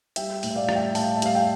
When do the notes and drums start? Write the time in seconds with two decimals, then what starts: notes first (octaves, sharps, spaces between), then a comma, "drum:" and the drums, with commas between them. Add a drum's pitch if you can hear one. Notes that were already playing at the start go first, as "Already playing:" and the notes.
0.16 G3 E5 G5, drum: hi-hat
0.43 A2, drum: open hi-hat
0.51 E5
0.55 D5 F5
0.69 G3, drum: rim click
0.75 E5 G5
0.95 A2 F5 A5, drum: open hi-hat
1.17 E5
1.22 G3 F5, drum: hi-hat
1.35 E5 G5